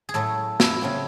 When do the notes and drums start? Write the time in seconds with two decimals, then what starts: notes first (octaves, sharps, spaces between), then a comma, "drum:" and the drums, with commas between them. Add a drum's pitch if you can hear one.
0.09 G#4
0.14 A2 F#3 A3 A4
0.60 E4, drum: snare
0.81 C#3 F#3 A3 C4